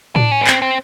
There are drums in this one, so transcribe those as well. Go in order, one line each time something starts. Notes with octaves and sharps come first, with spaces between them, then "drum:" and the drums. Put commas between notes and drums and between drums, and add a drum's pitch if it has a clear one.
D4, drum: tom A2
C#4
B3
C4, drum: clap
C4